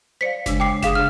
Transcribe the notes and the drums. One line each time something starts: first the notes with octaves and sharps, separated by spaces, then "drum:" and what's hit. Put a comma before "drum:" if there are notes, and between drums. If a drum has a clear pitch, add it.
C5 D5 F5 B6 C#7
C#3 G#3 D4 B6, drum: snare F#1
G5 D6 C7
C#3 G#4 F5 D#6 E7, drum: snare F#1
C#3 D4 F6